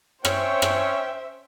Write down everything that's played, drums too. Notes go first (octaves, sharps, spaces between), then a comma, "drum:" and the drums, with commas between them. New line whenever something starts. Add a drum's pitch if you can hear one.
C4 C#4 C5 C#5 E5 G5, drum: rim click
drum: rim click